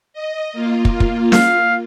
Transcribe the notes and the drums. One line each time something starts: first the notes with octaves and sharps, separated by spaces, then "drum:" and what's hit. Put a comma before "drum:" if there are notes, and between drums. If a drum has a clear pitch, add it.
D#5
A#3 F4
drum: kick
drum: kick
F5, drum: snare